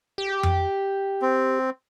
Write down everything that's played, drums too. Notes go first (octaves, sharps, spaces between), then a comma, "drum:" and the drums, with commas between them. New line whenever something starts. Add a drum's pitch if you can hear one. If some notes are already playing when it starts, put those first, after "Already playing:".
G4
drum: tom F2
C4